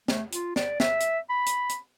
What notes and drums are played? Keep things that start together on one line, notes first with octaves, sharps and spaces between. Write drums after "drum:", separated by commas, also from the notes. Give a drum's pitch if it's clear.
A3, drum: snare
F4, drum: hi-hat
D5, drum: snare
E5, drum: snare
drum: hi-hat
B5
drum: hi-hat
drum: hi-hat